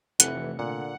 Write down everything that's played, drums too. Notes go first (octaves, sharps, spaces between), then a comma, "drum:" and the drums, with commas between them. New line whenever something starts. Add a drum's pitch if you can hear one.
F1 C3 E3 A3 F#5 C#7, drum: hi-hat
A#2 D3 F#5